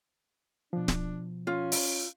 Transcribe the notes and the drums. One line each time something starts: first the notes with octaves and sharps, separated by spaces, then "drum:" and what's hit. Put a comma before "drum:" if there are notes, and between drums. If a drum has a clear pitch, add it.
B2 F3 D4
drum: snare D1
C#4 F4
drum: open hi-hat